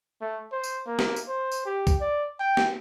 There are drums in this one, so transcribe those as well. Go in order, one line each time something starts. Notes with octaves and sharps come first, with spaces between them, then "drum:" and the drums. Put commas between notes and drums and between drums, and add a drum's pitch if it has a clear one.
A3
C5
drum: tambourine
A#3
drum: snare
drum: tambourine
C5
drum: tambourine
G4
drum: kick C2, tambourine
D5
G5
drum: snare